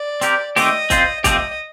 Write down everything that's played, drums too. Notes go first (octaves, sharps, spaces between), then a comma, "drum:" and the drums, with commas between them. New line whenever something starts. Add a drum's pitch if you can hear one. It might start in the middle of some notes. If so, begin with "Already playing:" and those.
Already playing: D5
C4 G4 A#4, drum: hi-hat
D#3 A3 C4 G4 D#5, drum: open hi-hat
C4 F4 C5, drum: kick, hi-hat
F3 A3 C4 G4 D#5, drum: kick, hi-hat